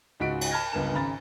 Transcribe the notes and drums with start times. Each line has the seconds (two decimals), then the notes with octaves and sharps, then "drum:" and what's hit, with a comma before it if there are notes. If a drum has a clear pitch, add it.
0.20 C#2 G#2 F#4 B6 D7
0.41 drum: cymbal
0.51 A5 B5 F6 G#6 A#6
0.72 C#2 G2 B3 A#4 A5 E7
0.93 G#1 C#3 A#5 B5 A6